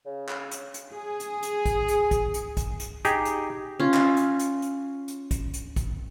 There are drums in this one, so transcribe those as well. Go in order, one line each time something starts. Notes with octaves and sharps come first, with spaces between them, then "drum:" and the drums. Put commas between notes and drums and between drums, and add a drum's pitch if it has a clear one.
C#3
drum: clap
drum: hi-hat
drum: hi-hat
G#4
drum: hi-hat
drum: hi-hat
drum: kick, hi-hat
drum: hi-hat
drum: kick, hi-hat
drum: hi-hat
drum: kick, hi-hat
drum: hi-hat
D#4 G4 G#4, drum: hi-hat
drum: hi-hat
C#4 F4
drum: clap
drum: hi-hat
drum: hi-hat
drum: hi-hat
drum: hi-hat
drum: kick, hi-hat
drum: hi-hat
drum: kick, hi-hat